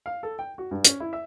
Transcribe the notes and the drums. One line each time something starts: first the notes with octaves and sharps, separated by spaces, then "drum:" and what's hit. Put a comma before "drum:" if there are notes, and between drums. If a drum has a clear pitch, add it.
F5
A4
G5
F#4
G2
C#4, drum: hi-hat
E4
E5